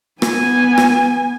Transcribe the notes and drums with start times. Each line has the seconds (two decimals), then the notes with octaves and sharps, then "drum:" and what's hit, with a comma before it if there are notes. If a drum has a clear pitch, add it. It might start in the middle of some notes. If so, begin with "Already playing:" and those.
0.22 B3 G#5, drum: rim click
0.78 drum: rim click